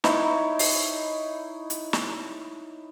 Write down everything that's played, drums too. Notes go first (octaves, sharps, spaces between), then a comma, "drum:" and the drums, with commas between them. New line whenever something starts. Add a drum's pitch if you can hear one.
D#4 E4 C#5, drum: snare
drum: open hi-hat
drum: hi-hat
drum: snare